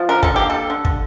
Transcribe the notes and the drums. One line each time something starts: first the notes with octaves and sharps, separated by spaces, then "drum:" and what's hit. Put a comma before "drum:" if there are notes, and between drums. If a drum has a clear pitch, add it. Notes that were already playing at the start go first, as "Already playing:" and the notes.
Already playing: F3
D3 A#4
D3 A4, drum: kick
A#3 G4
G3 A4
D3
D3, drum: kick